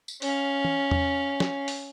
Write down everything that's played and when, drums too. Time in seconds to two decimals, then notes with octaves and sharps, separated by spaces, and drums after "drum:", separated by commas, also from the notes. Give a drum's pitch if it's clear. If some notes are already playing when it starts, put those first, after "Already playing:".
0.08 drum: tambourine
0.22 C#4 F5, drum: open hi-hat
0.65 drum: tom
0.91 drum: tom E2
1.40 drum: snare
1.68 drum: open hi-hat